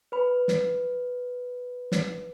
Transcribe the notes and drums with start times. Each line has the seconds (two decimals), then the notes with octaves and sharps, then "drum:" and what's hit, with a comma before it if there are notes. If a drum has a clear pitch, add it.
0.12 B4 B5
0.48 drum: snare
1.92 drum: snare